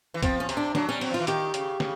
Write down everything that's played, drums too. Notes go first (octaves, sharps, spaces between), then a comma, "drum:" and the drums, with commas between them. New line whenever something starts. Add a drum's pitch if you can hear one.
E3
F3 C4, drum: kick, hi-hat
C#4
C3, drum: hi-hat
D4
F#3 D4, drum: snare
G3 C#4
F#3 C4, drum: open hi-hat
F3
F4
E3
D#3 G4, drum: hi-hat
C#3, drum: hi-hat
C#3, drum: snare